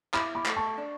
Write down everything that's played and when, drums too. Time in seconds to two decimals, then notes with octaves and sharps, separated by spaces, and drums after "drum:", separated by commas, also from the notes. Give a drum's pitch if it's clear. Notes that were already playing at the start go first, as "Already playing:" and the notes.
0.14 E4 B5 D6, drum: clap
0.35 B5 D6
0.46 A3, drum: clap
0.56 A5 C#6
0.78 D4